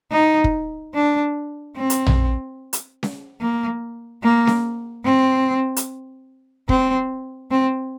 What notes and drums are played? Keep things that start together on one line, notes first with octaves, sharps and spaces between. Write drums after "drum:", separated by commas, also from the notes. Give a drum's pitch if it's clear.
D#4
drum: kick
D4
C4
drum: hi-hat
drum: tom A#1
drum: hi-hat
drum: snare C#4
A#3
A#3
drum: snare C#4
C4
drum: hi-hat
C4, drum: kick
C4